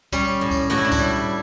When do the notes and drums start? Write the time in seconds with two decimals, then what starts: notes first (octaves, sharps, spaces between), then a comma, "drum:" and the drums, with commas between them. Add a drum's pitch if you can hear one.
0.12 G3 C#4, drum: kick C#2, tambourine
0.41 A2
0.51 drum: kick C#2, tambourine
0.70 A2 F#4, drum: snare G#3
0.77 E4
0.85 D4
0.92 E4, drum: kick C#2, tambourine
0.99 G3